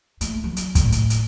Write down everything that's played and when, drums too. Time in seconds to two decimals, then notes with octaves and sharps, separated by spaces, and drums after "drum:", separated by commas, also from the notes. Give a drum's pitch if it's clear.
0.21 A3, drum: hi-hat
0.44 F#3
0.57 drum: hi-hat
0.75 A2, drum: kick, hi-hat
0.92 drum: hi-hat
1.10 drum: hi-hat